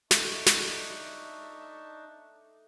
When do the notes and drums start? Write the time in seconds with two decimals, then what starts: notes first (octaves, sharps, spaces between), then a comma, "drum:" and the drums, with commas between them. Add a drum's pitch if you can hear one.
0.11 A3 D4 D#4 E5 A5 C#6, drum: snare
0.46 drum: snare